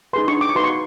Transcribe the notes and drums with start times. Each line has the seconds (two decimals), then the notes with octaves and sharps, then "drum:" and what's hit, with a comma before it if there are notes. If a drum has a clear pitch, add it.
0.13 D#4 G#4 B4 C6
0.28 C#6, drum: tom D4
0.41 D6
0.49 C#6
0.55 D#4 F#4 B4 C6
0.64 C#6